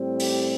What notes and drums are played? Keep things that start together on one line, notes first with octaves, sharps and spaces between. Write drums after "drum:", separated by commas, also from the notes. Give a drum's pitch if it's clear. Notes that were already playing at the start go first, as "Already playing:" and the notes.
Already playing: A2 G3 C4
G4, drum: open hi-hat